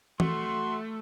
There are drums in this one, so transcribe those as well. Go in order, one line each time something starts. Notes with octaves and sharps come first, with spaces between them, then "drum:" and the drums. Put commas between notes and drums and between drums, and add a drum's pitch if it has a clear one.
A3 F#4 C6, drum: tom E3